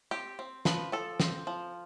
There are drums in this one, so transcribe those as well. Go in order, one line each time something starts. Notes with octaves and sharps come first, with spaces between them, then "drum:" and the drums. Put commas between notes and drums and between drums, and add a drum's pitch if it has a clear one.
C4 G4
C4
F3 B4, drum: snare
F3 A4
C4, drum: snare
F3